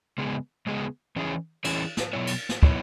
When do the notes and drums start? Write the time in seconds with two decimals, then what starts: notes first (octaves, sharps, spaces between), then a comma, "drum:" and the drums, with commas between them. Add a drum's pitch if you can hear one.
0.18 C#3 G#3 B3 G#4
0.67 C#3 G#3 B3 G#4
1.16 E3 C#4 E4 G#4 C#5
1.65 E3 C#4 E4 G#4 C#5, drum: cymbal
1.97 drum: snare
2.13 B2 F#3 B3 E4 C#5
2.27 drum: cymbal
2.49 drum: snare
2.63 B2 F#3 B3 E4 C#5, drum: kick